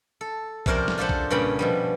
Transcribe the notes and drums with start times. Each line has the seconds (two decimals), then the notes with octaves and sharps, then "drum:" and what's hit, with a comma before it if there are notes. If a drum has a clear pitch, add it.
0.21 A4
0.66 F2 C3 C#4 A#4 C5 D5, drum: kick A#1
0.88 drum: snare
0.98 D4 F4 G4 A4 C5 F#5
1.09 drum: kick A#1
1.30 G2 A#2 C#3 C#4 G5 B5
1.59 B2 F3 G3